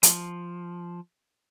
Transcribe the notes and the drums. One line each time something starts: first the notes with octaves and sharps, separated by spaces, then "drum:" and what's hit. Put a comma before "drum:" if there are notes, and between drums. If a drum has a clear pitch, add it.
F3, drum: hi-hat